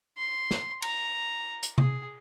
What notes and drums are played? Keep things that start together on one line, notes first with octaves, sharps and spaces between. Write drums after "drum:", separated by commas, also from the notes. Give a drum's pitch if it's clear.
C6
drum: snare
A#5, drum: cymbal
drum: hi-hat
G#4, drum: tom C3